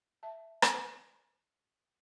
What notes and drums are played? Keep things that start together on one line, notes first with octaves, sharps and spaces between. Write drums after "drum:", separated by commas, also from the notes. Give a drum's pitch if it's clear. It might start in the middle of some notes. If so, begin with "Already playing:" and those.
E5 A5
drum: rim click